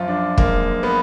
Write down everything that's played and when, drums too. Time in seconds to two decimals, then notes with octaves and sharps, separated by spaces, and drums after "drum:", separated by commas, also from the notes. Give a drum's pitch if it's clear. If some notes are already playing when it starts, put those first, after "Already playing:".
Already playing: F#2 F3 F4
0.08 D4
0.38 G#3 A#3, drum: kick
0.83 B3